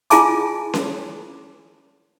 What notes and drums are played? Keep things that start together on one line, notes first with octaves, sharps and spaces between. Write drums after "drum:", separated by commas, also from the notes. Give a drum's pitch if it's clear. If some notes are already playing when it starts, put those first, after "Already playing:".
E4 F4 G#4 G#5 A5 D6, drum: hi-hat
drum: snare C#4